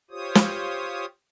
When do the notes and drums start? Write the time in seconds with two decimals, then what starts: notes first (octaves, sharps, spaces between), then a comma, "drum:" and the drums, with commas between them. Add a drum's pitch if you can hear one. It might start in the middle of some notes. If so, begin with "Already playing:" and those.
0.11 F4 G4 C5 C#5 D#6
0.35 drum: snare